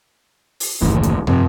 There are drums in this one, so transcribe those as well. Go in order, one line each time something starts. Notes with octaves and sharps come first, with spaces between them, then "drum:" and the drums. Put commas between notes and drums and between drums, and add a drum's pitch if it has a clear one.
drum: open hi-hat
F#1 D#2 A2 E3, drum: kick C2
drum: hi-hat
F2 C3, drum: tom